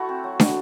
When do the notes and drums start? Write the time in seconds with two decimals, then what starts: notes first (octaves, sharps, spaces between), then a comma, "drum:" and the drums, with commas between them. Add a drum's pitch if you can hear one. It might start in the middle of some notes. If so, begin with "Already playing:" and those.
Already playing: A3 E4 F#4 A4
0.09 C4
0.24 F#3
0.40 F#3, drum: snare